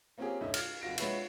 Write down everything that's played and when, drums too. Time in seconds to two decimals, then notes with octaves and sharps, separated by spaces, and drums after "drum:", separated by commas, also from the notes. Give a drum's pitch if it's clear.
0.18 A#3 C4 C#4 F4 G4 G#4
0.41 D#1 G2 C#4 E4 D#5 E5
0.54 F6 G#6, drum: cymbal
0.82 F1 F#4 F5 A#6 D7
0.98 G#3 B3 B4 C#5 E5, drum: cymbal